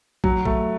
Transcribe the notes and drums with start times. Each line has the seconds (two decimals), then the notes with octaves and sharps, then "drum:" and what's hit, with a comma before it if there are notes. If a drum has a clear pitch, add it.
0.24 F#3, drum: kick
0.45 A3, drum: kick